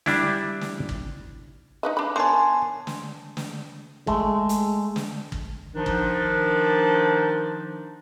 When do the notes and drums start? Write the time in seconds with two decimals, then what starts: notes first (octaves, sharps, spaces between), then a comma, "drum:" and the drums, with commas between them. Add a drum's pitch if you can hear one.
0.06 G3 D4 E4, drum: snare
0.61 drum: snare
0.89 drum: kick
1.83 D#4 B4 D#5
1.97 D4 B5
2.16 B3 A#4 C#5 G#5 A5 C6
2.87 drum: snare
3.37 drum: snare
4.07 G#3 A3, drum: kick
4.49 drum: hi-hat
4.96 drum: snare
5.32 drum: kick
5.75 D#3 F3 D4 D#4
5.86 drum: kick